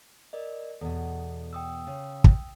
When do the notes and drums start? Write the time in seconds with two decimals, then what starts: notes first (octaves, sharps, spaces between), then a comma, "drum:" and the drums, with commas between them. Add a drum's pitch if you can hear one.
0.33 A#4 D5 D#5
0.81 E2 B2 A4
1.53 G5 D#6 E6
1.87 C#3
2.24 drum: kick